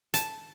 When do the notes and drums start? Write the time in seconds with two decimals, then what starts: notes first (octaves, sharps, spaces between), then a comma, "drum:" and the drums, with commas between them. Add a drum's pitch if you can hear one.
0.14 A5, drum: hi-hat